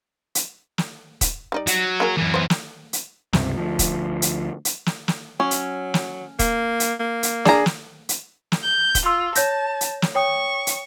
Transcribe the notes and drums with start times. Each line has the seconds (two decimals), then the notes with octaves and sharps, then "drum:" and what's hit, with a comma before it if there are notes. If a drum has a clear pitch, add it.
0.35 drum: hi-hat
0.78 drum: snare
1.21 drum: kick D#1, hi-hat
1.52 G3 D#4 D5
1.67 F#3, drum: hi-hat
2.00 A#3 G#4 A#4
2.17 F#2 E3
2.34 B3 C5
2.50 drum: snare
2.93 drum: hi-hat
3.33 C#2 G2 C3, drum: snare
3.57 D2 F3
3.79 drum: kick D#1, hi-hat
4.22 drum: hi-hat
4.65 drum: hi-hat
4.86 drum: snare
5.08 drum: snare
5.40 F#3 C#4
5.51 drum: hi-hat
5.94 drum: snare
6.39 A#3, drum: kick D#1, hi-hat
6.80 drum: hi-hat
7.00 A#3
7.23 drum: hi-hat
7.45 D4 G#4 A#5, drum: snare
7.66 drum: snare
8.09 drum: hi-hat
8.52 drum: snare
8.63 G6
8.95 drum: kick D#1, hi-hat
9.06 F4 C6 E6
9.35 C#5 A5 G6 A#6, drum: hi-hat
9.81 drum: hi-hat
10.02 drum: snare
10.15 C#5 G5 C#6 D#6
10.67 drum: hi-hat